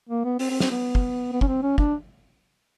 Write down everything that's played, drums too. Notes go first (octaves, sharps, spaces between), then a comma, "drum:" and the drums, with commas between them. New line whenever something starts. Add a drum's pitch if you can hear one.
A#3
B3
C4, drum: open hi-hat
C4
C4, drum: snare
B3
drum: kick
B3
C#4, drum: kick
C4
C#4
D4, drum: kick